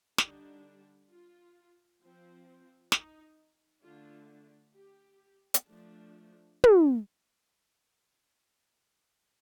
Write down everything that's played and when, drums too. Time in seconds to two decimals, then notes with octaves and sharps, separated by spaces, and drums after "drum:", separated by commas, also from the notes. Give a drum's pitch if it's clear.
0.18 D3 G3 D4 D#4, drum: snare
1.10 F4
2.01 F3 C4
2.92 D#4, drum: snare
3.83 D3 A3 D4 F4
4.74 G4
5.54 drum: hi-hat
5.66 F3 A3 D4
6.64 drum: tom